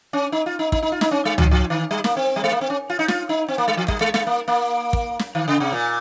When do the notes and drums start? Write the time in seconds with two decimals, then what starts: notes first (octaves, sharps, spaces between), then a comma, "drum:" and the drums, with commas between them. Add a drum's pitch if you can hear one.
0.13 C#4
0.32 D#4
0.46 F4
0.59 D#4
0.72 D#4, drum: kick
0.82 D#4
0.92 F4
1.01 D#4, drum: snare
1.11 C#4
1.25 G#3
1.38 F3, drum: tom C#2
1.51 F3
1.70 D#3
1.91 G3
2.04 A#3, drum: snare
2.17 C4
2.36 G3
2.44 G#3
2.52 A#3
2.61 C4
2.70 C#4
2.90 F4
2.99 D#4
3.08 F4, drum: snare
3.29 D#4
3.48 C4
3.58 A#3
3.68 G#3
3.77 F3
3.88 G3, drum: kick
4.01 G#3
4.14 G#3, drum: snare
4.27 A#3
4.48 A#3
4.93 drum: kick
5.19 drum: snare
5.35 D#3
5.48 C#3
5.60 C3
5.73 A#2